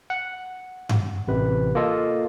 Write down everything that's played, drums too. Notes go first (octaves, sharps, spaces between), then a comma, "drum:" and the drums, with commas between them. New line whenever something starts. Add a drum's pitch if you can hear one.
F#5
drum: tom G2
A1 C3 B4
A#3 F4 A4 D#5